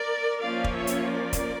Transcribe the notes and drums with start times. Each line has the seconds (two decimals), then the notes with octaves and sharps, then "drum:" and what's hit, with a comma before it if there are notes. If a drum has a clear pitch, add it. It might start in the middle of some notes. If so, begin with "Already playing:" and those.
Already playing: A#4 D5
0.41 F3 A#3 C#4 F4 D5 F5
0.64 drum: kick
0.75 C#5 E5
0.87 drum: hi-hat
1.09 A#4 D5
1.33 drum: kick, hi-hat